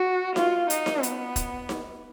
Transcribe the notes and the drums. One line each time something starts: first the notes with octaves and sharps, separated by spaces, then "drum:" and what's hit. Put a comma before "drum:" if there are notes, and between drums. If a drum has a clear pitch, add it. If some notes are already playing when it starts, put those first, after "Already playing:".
Already playing: F#4
F4, drum: snare D#4
D#4, drum: hi-hat
drum: snare D#4
B3, drum: hi-hat
drum: kick, hi-hat
drum: snare D#4